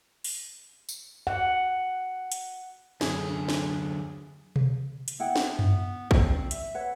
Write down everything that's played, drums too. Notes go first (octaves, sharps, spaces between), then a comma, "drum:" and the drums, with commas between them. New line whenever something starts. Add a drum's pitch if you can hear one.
drum: open hi-hat
drum: tambourine
F#5
drum: hi-hat
F#2 D3 G#4, drum: snare
drum: snare
drum: tom B2
drum: hi-hat
B3 E4 F#5 G5
drum: snare
drum: tom F#2
C4 D5, drum: kick
E5, drum: hi-hat
B4 C#5 F#5